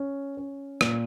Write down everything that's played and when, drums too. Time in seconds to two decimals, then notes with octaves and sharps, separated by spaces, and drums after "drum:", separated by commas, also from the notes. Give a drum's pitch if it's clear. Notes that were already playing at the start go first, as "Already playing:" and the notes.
Already playing: C#4
0.37 C#4
0.81 A#2, drum: rim click